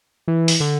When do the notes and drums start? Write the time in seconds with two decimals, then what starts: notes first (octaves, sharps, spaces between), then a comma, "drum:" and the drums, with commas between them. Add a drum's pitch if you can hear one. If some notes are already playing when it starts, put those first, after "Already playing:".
0.28 E3
0.48 drum: open hi-hat
0.60 D3